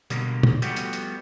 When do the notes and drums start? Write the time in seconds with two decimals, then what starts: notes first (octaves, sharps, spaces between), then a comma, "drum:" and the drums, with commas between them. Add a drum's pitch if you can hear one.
0.10 B2 D3 G3 A#3, drum: hi-hat
0.43 drum: tom
0.62 F3 G3 A3 B3 F#4 G4, drum: hi-hat
0.76 drum: hi-hat
0.93 drum: hi-hat